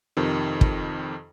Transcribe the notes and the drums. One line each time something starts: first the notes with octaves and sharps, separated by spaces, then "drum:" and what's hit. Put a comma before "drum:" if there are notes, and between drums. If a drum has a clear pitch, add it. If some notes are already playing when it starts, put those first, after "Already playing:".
F2 C3 D#3
drum: kick